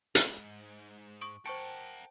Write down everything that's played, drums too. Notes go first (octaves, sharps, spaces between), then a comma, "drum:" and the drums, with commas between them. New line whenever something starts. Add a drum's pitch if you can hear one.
C#2 G#2, drum: hi-hat
C#6 D#6 D7
A#4 C5 F#5 G5 A5 C#6 C#7